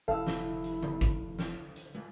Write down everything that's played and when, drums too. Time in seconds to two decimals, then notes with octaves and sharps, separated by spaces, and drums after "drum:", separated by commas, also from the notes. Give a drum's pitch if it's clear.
0.08 F1 E4 A4 F5 E6
0.27 drum: snare
0.64 drum: hi-hat
0.83 drum: tom C#3
1.01 drum: kick G#1, hi-hat
1.39 drum: snare
1.76 drum: hi-hat
1.95 drum: tom